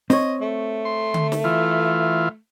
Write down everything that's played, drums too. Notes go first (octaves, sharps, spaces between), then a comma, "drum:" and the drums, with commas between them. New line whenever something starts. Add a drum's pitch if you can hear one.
C4 C#5 D#5, drum: snare
A3
C6
drum: tom D3
drum: snare
E3 F4